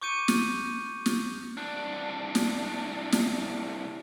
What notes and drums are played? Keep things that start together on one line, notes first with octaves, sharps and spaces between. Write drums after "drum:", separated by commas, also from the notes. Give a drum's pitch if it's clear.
C#6 D6 G6 C#7 D#7
drum: snare
drum: snare
C2 D4
drum: snare
drum: snare